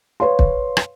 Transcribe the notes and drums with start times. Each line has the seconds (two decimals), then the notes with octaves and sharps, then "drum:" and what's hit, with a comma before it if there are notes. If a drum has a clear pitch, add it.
0.20 B4 C#5 F5 C6
0.39 drum: kick
0.77 drum: rim click